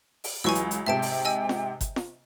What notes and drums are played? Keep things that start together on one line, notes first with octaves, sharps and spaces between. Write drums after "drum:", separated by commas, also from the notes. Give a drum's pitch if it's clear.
drum: open hi-hat
C#2 E3 F#3 G#5 C#6 E6
drum: hi-hat
drum: hi-hat
G#2 C3 E5 G5 A5 D7
drum: open hi-hat
D#5 G#5 E6
drum: snare F4
drum: kick G1, hi-hat
drum: snare F4